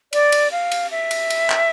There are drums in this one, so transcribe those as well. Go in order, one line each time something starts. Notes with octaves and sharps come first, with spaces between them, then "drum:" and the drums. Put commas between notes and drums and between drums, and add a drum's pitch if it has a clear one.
D5, drum: cymbal
drum: cymbal
F5
drum: cymbal
E5
drum: cymbal
drum: cymbal
drum: clap